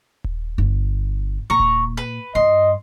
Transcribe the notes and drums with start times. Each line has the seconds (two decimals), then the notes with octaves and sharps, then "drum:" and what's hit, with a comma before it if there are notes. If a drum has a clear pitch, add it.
0.24 drum: kick D#1
0.58 G1
1.50 A#2 A#5 C#6
1.59 drum: kick D#1
1.97 B4
2.35 G2 D#5 C6